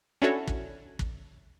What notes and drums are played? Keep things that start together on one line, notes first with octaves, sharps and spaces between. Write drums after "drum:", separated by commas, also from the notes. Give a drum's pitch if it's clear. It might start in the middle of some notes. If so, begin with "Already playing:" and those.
C#4 D4 E4 F#4 A4 C#5
drum: kick
drum: kick